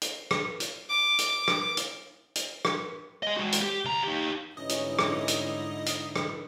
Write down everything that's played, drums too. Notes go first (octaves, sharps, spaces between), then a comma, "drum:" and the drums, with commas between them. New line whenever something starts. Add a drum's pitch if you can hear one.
drum: hi-hat
drum: rim click
drum: hi-hat
D6
drum: hi-hat
drum: rim click
drum: hi-hat
drum: hi-hat
drum: rim click
G#4 D#5
G#3 F#4
drum: hi-hat
G4
D2 A#5
D#4 G4
G#2 D3 E3 G3 C#4 D#4 E4 D#5
drum: hi-hat
drum: rim click
drum: hi-hat
drum: hi-hat
drum: rim click